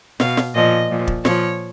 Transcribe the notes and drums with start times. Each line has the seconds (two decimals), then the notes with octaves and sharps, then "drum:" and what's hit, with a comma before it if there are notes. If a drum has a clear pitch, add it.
0.20 B2 F5, drum: snare
0.37 drum: snare
0.55 A#2 F3 D#5
0.90 A#2 F3
1.07 drum: kick
1.25 A#2 F3 C#5, drum: snare